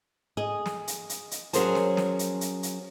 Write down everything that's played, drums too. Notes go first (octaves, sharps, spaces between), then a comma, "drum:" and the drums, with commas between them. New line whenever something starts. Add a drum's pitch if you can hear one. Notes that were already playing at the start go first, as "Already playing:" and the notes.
G#4 D#5
drum: snare
drum: hi-hat
drum: hi-hat
drum: hi-hat
F#3 C#4 G#4 A#4 C5 A5, drum: hi-hat
drum: snare
drum: snare
drum: hi-hat
drum: hi-hat
drum: hi-hat